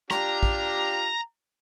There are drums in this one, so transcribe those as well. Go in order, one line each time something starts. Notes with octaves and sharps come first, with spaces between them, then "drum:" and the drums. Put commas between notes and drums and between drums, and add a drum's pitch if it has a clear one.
D4 F4 G4 A#5, drum: rim click
drum: kick